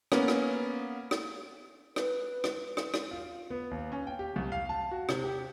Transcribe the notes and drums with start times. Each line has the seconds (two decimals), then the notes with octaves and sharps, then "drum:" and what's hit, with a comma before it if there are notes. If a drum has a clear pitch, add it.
0.12 A#3 B3 C#4, drum: rim click
0.28 drum: rim click
1.11 drum: rim click
1.96 B4, drum: rim click
2.44 drum: rim click
2.77 drum: rim click
2.94 drum: rim click
3.11 F4
3.50 B3
3.71 D#2
3.92 C#4
4.07 G5
4.19 G4
4.36 C2
4.52 F5
4.69 A5
4.91 F#4
5.09 C3, drum: rim click
5.24 G4